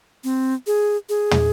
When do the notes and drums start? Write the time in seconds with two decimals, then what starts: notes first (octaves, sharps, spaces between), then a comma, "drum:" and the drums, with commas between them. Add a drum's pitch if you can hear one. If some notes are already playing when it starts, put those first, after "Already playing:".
0.24 C4
0.67 G#4
1.09 G#4
1.31 drum: tom